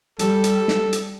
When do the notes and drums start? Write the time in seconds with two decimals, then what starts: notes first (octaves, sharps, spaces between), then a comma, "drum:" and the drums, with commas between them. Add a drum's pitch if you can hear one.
0.19 G3 A4, drum: hi-hat
0.44 drum: hi-hat
0.68 drum: snare
0.93 drum: hi-hat